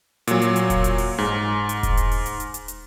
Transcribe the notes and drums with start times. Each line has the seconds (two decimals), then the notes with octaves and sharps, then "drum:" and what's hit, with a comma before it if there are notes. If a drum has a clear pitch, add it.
0.27 A#2 F#3, drum: hi-hat
0.42 drum: hi-hat
0.56 drum: hi-hat
0.70 drum: kick E1, hi-hat
0.84 drum: hi-hat
0.98 drum: open hi-hat
1.18 G#2
1.69 drum: hi-hat
1.83 drum: kick E1, hi-hat
1.97 drum: hi-hat
2.11 drum: open hi-hat
2.26 drum: hi-hat
2.40 drum: hi-hat
2.54 drum: hi-hat
2.68 drum: hi-hat